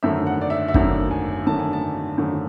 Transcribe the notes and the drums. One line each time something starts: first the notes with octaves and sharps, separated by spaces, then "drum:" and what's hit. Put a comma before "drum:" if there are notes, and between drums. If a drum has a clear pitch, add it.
G#1 F#2 D3 A3 E5
F#5
D5
E5
E5
G#1 F#2 D3 A3 F#5, drum: kick
G#5
G#1 F#2 D3 A3 A5
G#5
A5
G#1 F#2 D3 A3